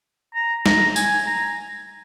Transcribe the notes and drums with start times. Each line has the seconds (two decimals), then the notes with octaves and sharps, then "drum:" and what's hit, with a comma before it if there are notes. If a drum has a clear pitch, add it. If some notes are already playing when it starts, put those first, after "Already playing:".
0.35 A#5
0.66 A#5, drum: snare
0.96 G#5, drum: tambourine
1.26 A#5